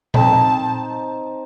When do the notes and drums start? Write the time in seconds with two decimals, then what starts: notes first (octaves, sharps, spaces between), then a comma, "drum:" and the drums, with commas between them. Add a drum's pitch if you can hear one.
0.14 C4 D#4 A5, drum: tom A#2